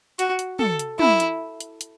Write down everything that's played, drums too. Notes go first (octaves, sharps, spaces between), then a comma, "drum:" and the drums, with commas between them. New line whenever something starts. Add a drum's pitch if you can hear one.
F#4, drum: hi-hat
drum: hi-hat
A4, drum: tom
drum: hi-hat
E4, drum: tom
drum: hi-hat
drum: hi-hat
drum: hi-hat